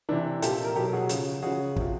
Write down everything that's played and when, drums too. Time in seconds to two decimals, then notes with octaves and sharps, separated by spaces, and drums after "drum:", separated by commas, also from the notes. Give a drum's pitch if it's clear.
0.09 C3 E3 D4 E4
0.42 A#2 F3 G4 A4, drum: hi-hat
0.65 A#4
0.76 B2 F#3 G4 A4
0.93 F#4 G#4
1.09 C#3 F3, drum: hi-hat
1.43 C#3 F3 F#4 G#4
1.76 C3 F3, drum: kick